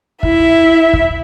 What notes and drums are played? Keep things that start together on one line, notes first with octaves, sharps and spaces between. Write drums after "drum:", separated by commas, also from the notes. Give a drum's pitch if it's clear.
E4 E5, drum: kick
drum: kick